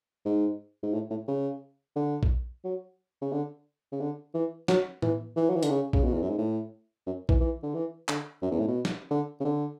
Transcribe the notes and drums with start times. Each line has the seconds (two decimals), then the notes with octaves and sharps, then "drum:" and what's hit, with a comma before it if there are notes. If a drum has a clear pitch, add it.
0.25 G#2
0.83 G#2
0.94 A2
1.10 A2
1.28 C#3
1.96 D3
2.23 drum: kick A#1
2.64 F#3
3.22 C#3
3.32 D3
3.92 C#3
4.00 D3
4.34 E3
4.68 F#3, drum: snare
5.02 E3, drum: tom A2
5.36 E3
5.49 F#3
5.56 E3
5.63 D3, drum: hi-hat
5.70 C#3
5.93 C#3, drum: kick A#1
6.04 B2
6.14 E2
6.22 F#2
6.30 G#2
6.38 A2
7.07 F#2
7.29 E3, drum: kick A#1
7.40 E3
7.63 D3
7.74 E3
8.08 D3, drum: clap
8.42 F#2
8.51 E2
8.59 A2
8.68 B2
8.85 drum: snare
9.11 D3
9.40 C#3
9.45 D3